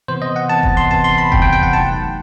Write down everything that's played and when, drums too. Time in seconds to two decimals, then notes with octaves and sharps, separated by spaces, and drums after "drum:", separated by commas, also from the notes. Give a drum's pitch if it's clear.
0.08 C3 E3 B3 C5
0.22 D#5
0.36 F#5
0.49 C3 E3 B3 A5
0.63 drum: kick F1
0.77 C6
0.91 C3 E3 B3 A5
1.04 C6
1.18 B5
1.32 C3 E3 B3 G5, drum: kick F1
1.42 G5
1.52 G5
1.63 F#5
1.73 F#3 A3 D#4 A5